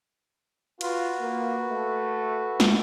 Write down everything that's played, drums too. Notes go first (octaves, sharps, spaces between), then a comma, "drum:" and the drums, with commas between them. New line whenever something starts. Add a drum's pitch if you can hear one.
F4 F#4 B4, drum: cymbal
A#3
A3
drum: snare